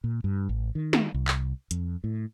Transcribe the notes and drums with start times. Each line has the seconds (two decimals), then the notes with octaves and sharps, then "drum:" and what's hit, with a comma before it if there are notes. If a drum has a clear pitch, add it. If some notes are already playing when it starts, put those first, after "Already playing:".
0.04 A#2
0.24 G2
0.49 A1
0.75 D#3
0.93 drum: snare
1.14 C2
1.28 drum: clap
1.71 F2, drum: hi-hat
2.04 A2